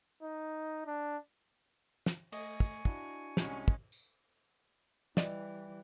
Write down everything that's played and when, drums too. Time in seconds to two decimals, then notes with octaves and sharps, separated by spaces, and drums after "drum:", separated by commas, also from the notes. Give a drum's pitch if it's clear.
0.23 D#4
0.87 D4
2.06 drum: snare
2.32 A3 D#5 G#5 C#6, drum: cymbal
2.60 drum: kick
2.85 D4 E4 F#4, drum: kick
3.37 C2 G#3 C#4 F7, drum: snare
3.68 drum: kick
3.92 drum: tambourine
5.17 E3 G3 D5 D#5, drum: snare